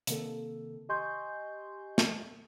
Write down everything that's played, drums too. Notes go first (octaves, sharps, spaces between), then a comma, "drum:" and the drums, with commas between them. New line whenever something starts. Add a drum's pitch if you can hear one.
C3 D#3 A#3 A4, drum: hi-hat
G4 D#5 G#5 C6 C#6 G6
drum: snare